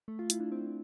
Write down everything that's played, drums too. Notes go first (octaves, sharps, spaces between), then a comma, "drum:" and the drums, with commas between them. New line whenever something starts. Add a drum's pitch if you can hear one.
A3
F4
E4, drum: hi-hat
D4
C4